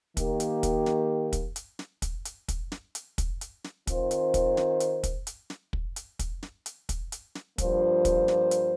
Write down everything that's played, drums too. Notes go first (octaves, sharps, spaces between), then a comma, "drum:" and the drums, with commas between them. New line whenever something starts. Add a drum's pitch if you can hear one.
D#3 A#3 G4, drum: kick, hi-hat
drum: hi-hat
drum: kick, hi-hat
drum: snare
drum: kick, hi-hat
drum: hi-hat
drum: snare
drum: kick, hi-hat
drum: hi-hat
drum: kick, hi-hat
drum: snare
drum: hi-hat
drum: kick, hi-hat
drum: hi-hat
drum: snare
D#3 C4 F4 C5, drum: kick, hi-hat
drum: hi-hat
drum: kick, hi-hat
drum: snare
drum: hi-hat
drum: kick, hi-hat
drum: hi-hat
drum: snare
drum: kick
drum: hi-hat
drum: kick, hi-hat
drum: snare
drum: hi-hat
drum: kick, hi-hat
drum: hi-hat
drum: snare
G2 F3 A#3 F4 C5, drum: kick, hi-hat
drum: kick, hi-hat
drum: snare
drum: hi-hat